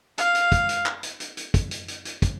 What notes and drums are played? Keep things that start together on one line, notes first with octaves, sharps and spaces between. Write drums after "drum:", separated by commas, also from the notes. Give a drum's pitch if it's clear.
F5, drum: hi-hat
drum: hi-hat
drum: kick, hi-hat
drum: hi-hat
drum: clap
drum: hi-hat
drum: hi-hat
drum: hi-hat
drum: kick, hi-hat
drum: hi-hat
drum: hi-hat
drum: hi-hat
drum: kick, hi-hat